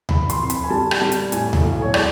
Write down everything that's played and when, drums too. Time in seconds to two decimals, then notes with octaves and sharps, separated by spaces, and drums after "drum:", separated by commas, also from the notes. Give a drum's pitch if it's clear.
0.09 E3 B5, drum: tom D2
0.30 C6, drum: hi-hat
0.40 F2
0.50 B5, drum: hi-hat
0.64 G#5
0.70 G3 A5
0.91 drum: rim click
1.02 G3
1.12 drum: hi-hat
1.32 A2 G#5, drum: hi-hat
1.53 drum: tom D2
1.63 B1
1.82 C#5
1.94 G#3 D5, drum: rim click